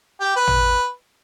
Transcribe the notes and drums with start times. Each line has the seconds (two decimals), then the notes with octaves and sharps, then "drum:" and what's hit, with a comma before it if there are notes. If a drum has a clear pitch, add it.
0.21 G4
0.36 B4
0.47 drum: tom